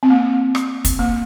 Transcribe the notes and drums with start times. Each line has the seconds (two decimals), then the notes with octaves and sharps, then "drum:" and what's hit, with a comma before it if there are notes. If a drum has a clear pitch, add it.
0.03 C4
0.10 A#3
0.55 drum: rim click
0.85 drum: kick, hi-hat
0.99 A#3